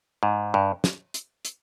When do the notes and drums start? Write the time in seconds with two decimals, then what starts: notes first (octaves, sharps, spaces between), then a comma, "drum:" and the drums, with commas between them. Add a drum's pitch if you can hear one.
0.23 G#2
0.54 G2
0.84 drum: snare
1.14 drum: hi-hat
1.45 drum: hi-hat